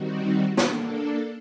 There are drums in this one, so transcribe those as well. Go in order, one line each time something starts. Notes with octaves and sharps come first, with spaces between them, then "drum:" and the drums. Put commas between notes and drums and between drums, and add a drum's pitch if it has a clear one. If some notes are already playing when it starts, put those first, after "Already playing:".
Already playing: D#3 G3 C4 D#4 F#4
A#3 D4 A4, drum: snare